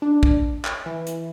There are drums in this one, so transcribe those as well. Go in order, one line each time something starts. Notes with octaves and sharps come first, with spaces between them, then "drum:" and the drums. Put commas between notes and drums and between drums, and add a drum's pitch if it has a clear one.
D4
drum: kick
drum: clap
E3
drum: hi-hat